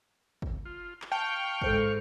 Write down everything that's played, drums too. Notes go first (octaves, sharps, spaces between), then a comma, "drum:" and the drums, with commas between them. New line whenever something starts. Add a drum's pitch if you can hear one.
drum: kick
F4
drum: clap
F5 G5 A5 C#6
G#2 G#3 A4 C5 G6, drum: kick